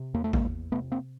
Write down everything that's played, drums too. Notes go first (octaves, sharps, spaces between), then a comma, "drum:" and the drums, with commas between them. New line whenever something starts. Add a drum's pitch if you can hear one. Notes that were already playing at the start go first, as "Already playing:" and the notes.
Already playing: C3
E2 A#3
A3
G#3 A#3, drum: kick A1
E2
C3 A3 B3
A#3 C4